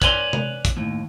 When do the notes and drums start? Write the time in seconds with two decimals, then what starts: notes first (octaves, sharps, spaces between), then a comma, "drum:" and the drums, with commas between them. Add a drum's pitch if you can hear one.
0.02 B4 C#5 D5 G#5 C6, drum: kick, hi-hat
0.33 drum: tom C3
0.65 drum: kick, hi-hat
0.77 D#2 A2